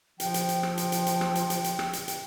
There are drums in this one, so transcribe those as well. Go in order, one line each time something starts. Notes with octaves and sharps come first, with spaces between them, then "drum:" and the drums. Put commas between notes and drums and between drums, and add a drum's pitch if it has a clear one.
F3 G5, drum: hi-hat
drum: hi-hat
drum: hi-hat
drum: rim click
drum: hi-hat
drum: hi-hat
drum: hi-hat
drum: rim click
drum: hi-hat
drum: hi-hat
drum: hi-hat
drum: rim click
drum: hi-hat
drum: hi-hat